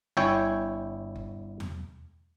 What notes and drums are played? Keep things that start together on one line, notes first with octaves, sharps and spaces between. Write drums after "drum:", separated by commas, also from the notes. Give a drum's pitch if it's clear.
G1 E4 C#5 G5 G#5
drum: kick F#1
drum: tom E2